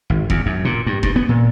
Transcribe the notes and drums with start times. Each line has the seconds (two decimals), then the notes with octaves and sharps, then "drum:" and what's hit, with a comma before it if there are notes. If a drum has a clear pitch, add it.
0.10 G#1
0.30 E2, drum: kick F1
0.46 F#2
0.65 A#2
0.86 G2
1.03 G2, drum: kick F1
1.16 B3
1.29 A#2